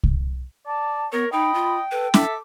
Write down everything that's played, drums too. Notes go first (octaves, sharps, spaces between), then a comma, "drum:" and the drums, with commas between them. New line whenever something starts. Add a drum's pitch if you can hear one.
drum: kick C2
D5 A5
B3 A#4 C#5
D#4 D#5 G5 B5
F4
A4 B4
A4 E5 D6, drum: snare